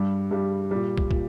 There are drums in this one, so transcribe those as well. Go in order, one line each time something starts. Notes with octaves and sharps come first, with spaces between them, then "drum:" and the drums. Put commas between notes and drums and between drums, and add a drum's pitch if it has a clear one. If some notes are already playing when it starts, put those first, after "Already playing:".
Already playing: G2 G3
G2 G3
A#2 G3
drum: kick
A#2, drum: kick